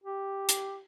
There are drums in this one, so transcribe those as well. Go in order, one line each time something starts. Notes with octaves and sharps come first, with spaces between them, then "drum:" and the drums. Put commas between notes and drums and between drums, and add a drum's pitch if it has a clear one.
G4
drum: hi-hat